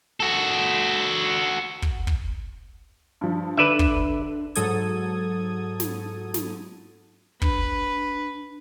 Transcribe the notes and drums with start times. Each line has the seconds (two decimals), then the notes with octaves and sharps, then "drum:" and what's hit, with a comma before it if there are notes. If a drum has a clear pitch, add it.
0.20 F#4 A4
1.82 drum: kick
2.07 drum: kick
3.21 G2 F3
3.57 D3 B4 D5 E5
3.79 drum: kick
4.55 G#2 F#3 A4 D#6 G#6, drum: hi-hat
5.80 drum: snare
6.34 drum: snare
7.42 D4 B4, drum: kick